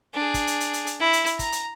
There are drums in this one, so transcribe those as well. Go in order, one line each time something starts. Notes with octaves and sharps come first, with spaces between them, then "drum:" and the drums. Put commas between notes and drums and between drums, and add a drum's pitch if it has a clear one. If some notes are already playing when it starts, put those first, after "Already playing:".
D4 G#4
drum: kick, hi-hat
drum: hi-hat
drum: hi-hat
drum: hi-hat
drum: hi-hat
E4
drum: hi-hat
drum: hi-hat
A#5, drum: kick, hi-hat
drum: hi-hat